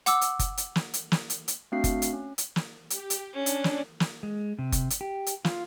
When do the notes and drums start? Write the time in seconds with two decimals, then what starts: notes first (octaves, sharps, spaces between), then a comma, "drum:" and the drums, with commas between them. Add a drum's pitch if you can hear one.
0.06 F#5 D6 E6, drum: hi-hat
0.21 drum: hi-hat
0.39 drum: kick F#1, hi-hat
0.57 drum: hi-hat
0.76 drum: snare
0.94 drum: hi-hat
1.12 drum: snare
1.30 drum: hi-hat
1.48 drum: hi-hat
1.72 A3 C4 D4 F#4 F5 C7
1.84 drum: kick F#1, hi-hat
2.02 drum: hi-hat
2.13 C#4
2.38 drum: hi-hat
2.56 drum: snare
2.90 G4, drum: hi-hat
3.10 drum: hi-hat
3.33 C#4 D4
3.46 drum: hi-hat
3.64 drum: snare
4.00 drum: snare
4.23 G#3
4.59 C3
4.72 drum: kick F#1, hi-hat
4.90 drum: hi-hat
5.01 G4
5.26 drum: hi-hat
5.45 F4, drum: snare